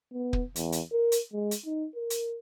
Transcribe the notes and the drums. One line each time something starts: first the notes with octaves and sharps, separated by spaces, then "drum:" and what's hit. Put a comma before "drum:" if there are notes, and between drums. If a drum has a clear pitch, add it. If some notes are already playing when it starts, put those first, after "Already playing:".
B3
drum: kick
E2, drum: hi-hat
drum: hi-hat
A#4
drum: hi-hat
G#3
drum: hi-hat
D#4
A#4
drum: hi-hat